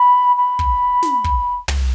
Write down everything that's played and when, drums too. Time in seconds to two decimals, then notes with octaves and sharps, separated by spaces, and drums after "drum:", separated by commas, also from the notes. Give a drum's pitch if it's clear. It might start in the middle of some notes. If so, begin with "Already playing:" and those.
Already playing: B5
0.37 B5
0.59 drum: kick
1.03 drum: snare
1.24 drum: kick
1.68 drum: tom